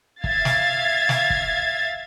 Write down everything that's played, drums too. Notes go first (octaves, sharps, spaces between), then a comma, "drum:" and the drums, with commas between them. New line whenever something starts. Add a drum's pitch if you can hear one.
E5 F5 G#6 A6, drum: kick
drum: snare
drum: snare
drum: kick